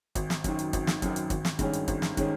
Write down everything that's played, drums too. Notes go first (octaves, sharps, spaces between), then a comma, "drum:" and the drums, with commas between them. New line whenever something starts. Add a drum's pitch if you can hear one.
G#1, drum: kick, hi-hat
drum: snare
F#2 D#3, drum: kick, hi-hat
drum: hi-hat
G#1, drum: kick, hi-hat
drum: snare
F#2 D#3, drum: kick, hi-hat
drum: hi-hat
G#1, drum: kick, hi-hat
drum: snare
G2 D#3 G#3 C#4, drum: kick, hi-hat
drum: hi-hat
G#1, drum: kick, hi-hat
drum: snare
D#3 G#3 C#4, drum: kick, hi-hat